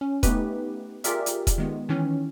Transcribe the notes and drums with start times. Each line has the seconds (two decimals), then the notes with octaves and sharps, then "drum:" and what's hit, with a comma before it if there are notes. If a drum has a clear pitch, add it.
0.01 C#4
0.23 A3 B3 D#4 G4 B4, drum: kick E1, hi-hat
1.04 F4 G4 G#4 A#4 D5 E5, drum: hi-hat
1.26 drum: hi-hat
1.47 drum: kick E1, hi-hat
1.58 D#3 G#3 B3
1.89 D#3 E3 C#4